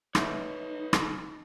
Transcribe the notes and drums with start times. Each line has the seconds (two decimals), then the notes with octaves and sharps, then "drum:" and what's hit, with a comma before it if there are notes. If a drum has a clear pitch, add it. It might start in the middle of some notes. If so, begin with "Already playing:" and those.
0.15 F#3 A3 D#4 B4 C#5 E5, drum: rim click
0.93 drum: rim click